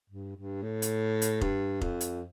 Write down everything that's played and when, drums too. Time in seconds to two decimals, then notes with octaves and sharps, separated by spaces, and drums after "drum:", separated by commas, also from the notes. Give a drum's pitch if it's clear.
0.10 G2
0.37 G2
0.63 A2
0.82 drum: hi-hat
1.22 drum: hi-hat
1.41 G2, drum: kick F1
1.81 F2, drum: kick F1
2.01 drum: hi-hat